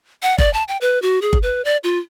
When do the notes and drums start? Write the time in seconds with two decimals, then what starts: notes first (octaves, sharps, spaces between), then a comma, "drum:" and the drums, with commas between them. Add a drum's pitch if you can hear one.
0.23 F#5
0.38 D5, drum: kick G1
0.54 A5
0.68 G5
0.81 B4
1.02 F#4
1.22 G#4
1.33 drum: kick G1
1.43 B4
1.65 D5
1.84 F4